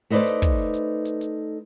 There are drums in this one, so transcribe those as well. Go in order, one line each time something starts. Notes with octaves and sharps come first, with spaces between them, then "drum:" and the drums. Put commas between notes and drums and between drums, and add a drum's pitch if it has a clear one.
A3 D#4 B4 C5 D5
drum: hi-hat
drum: kick, hi-hat
drum: hi-hat
drum: hi-hat
drum: hi-hat